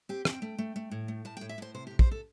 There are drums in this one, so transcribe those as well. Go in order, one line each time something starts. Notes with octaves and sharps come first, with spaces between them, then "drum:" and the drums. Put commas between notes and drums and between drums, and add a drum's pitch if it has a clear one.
C4 G4
C4 G5, drum: rim click
A3
A3
A3
A2
A3
A2 A5
G5
A2
E5
A2 C5
C3 C5
G4
C3
C5, drum: kick
C3 A4